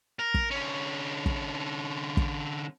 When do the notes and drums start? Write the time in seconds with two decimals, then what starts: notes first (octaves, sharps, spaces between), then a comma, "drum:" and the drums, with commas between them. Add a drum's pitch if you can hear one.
0.19 A#4
0.34 drum: kick
0.51 D3 C#4
1.26 drum: kick
2.17 drum: kick